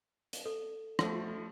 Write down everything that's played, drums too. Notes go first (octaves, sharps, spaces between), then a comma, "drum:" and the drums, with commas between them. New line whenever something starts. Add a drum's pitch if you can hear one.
drum: hi-hat
A4
F3 A3, drum: rim click